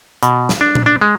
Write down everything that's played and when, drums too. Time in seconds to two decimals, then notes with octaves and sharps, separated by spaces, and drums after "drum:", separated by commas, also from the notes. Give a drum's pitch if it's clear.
0.23 B2, drum: hi-hat
0.49 drum: snare
0.61 D4
0.75 drum: tom A#2
0.86 D4
1.01 G#3